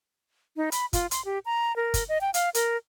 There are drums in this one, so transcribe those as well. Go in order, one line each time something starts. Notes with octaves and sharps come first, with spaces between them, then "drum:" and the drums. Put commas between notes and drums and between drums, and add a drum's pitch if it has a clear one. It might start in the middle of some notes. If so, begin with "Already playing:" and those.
D#4
B5, drum: hi-hat
F4, drum: kick, hi-hat
C6, drum: hi-hat
G4
A#5
A#4
drum: kick, hi-hat
D#5
G5
F5, drum: hi-hat
A#4, drum: hi-hat